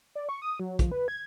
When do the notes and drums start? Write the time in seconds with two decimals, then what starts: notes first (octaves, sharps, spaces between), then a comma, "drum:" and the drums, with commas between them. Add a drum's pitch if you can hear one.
0.15 D5
0.29 C#6
0.42 D#6
0.60 F#3
0.79 F3, drum: kick, hi-hat
0.91 B4
1.08 G#6